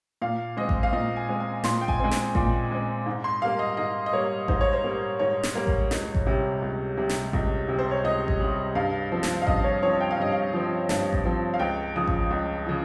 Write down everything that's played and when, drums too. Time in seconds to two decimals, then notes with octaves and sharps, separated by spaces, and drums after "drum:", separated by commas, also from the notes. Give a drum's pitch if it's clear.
0.22 A#2 F5
0.57 G#3 C4 D#5
0.69 drum: kick A1
0.83 F5
0.93 A#2 D#5
1.16 G#5
1.29 G#3 C4
1.40 G#5
1.64 A#2 C6, drum: snare
1.81 G5
1.88 G#5, drum: kick A1
2.00 G#3 C4
2.11 drum: snare
2.35 A#2, drum: kick A1
2.71 G#3 C4
3.06 G#2
3.24 C6
3.42 G3 A#3 F5
3.59 D#5
3.77 G#2 D#5
4.06 D#5
4.13 G3 A#3 C#5
4.48 G#2 C5, drum: kick A1
4.61 C#5
4.73 C5
4.84 G3 A#3
5.19 G#2 C#5
5.43 drum: snare
5.55 G3 A#3
5.67 drum: kick A1
5.91 C#2, drum: snare
6.15 drum: kick A1
6.27 C3 G3
6.62 C#2
6.97 C3 G3
7.09 drum: snare
7.33 C#2, drum: kick A1
7.68 C3 G3
7.79 C5
7.91 C#5
8.04 C#2 D#5
8.28 drum: kick A1
8.40 C3 G3
8.75 G2 F5
9.12 F3 C4
9.23 drum: snare
9.42 F5
9.47 G2 D#5, drum: kick A1
9.64 C#5
9.83 F3 C4 C#5
10.01 G5
10.11 F5
10.18 G2 D#5
10.32 F5
10.53 F3 C4
10.89 G2, drum: snare
11.13 drum: kick A1
11.25 F3 C4
11.54 F5
11.59 C#2 G5
11.96 C#3 F3 D#6
12.07 drum: kick A1
12.31 C#2
12.66 C#3 F3